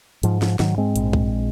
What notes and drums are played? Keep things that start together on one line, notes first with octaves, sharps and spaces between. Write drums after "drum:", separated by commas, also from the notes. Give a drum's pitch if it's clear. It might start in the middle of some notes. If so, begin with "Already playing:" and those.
G#2 F3, drum: hi-hat
F3, drum: snare
G#2 D#3 F#3, drum: snare
G#3 C4
A#1, drum: hi-hat
drum: kick